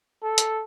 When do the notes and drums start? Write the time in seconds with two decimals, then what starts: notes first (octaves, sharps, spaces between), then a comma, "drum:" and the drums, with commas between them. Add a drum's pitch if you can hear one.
0.23 A4
0.38 drum: hi-hat